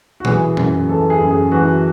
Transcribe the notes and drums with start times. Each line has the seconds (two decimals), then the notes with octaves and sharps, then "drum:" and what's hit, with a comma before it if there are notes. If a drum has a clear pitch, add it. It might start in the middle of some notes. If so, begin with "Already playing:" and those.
0.20 F#4
0.25 E3 G#4, drum: tom A#2
0.57 F#2, drum: tom A#2
0.89 E3 A4
1.10 G#4
1.20 F#2
1.31 G#4
1.52 E3 F#4